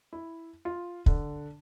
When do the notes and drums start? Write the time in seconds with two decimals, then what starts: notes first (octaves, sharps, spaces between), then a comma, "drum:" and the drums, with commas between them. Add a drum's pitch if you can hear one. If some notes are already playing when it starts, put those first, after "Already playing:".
0.13 E4
0.65 F4
1.06 D3, drum: kick